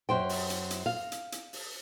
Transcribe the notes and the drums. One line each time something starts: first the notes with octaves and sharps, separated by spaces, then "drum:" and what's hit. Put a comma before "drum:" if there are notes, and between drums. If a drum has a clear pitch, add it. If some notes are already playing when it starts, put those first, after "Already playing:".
F#2 C5 G5
drum: open hi-hat
drum: hi-hat
drum: hi-hat
F5
drum: hi-hat
drum: hi-hat
drum: open hi-hat